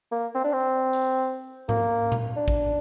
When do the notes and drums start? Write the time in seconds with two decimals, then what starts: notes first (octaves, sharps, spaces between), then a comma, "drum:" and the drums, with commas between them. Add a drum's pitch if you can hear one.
0.12 A#3
0.35 C4
0.45 D4
0.53 C4
0.93 drum: hi-hat
1.69 A#3, drum: tom G#2
2.12 drum: tom A#2
2.37 D4
2.48 drum: kick A1